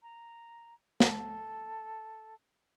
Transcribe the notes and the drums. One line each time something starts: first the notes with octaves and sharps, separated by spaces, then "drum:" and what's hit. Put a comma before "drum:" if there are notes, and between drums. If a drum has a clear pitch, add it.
A#5
A4, drum: snare